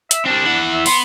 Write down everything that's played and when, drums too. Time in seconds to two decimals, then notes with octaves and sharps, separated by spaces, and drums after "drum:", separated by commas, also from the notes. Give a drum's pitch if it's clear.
0.11 E5, drum: hi-hat
0.25 G3 C4 D4
0.45 E4 F#5
0.73 E5
0.86 B3 C6, drum: open hi-hat